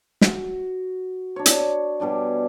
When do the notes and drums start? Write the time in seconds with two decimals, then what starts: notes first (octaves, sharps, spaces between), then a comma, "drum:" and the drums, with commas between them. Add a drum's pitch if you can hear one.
0.21 F#4, drum: snare
1.36 D4 C#5
1.46 drum: hi-hat
2.00 B2 G3 D4 G#5